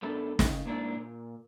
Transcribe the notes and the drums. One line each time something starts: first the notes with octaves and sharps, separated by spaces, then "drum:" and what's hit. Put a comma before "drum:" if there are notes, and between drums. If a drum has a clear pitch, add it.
F#2 A3 B3 D4 A4
C#3, drum: snare
G#2 A#3 D4 E4
A#2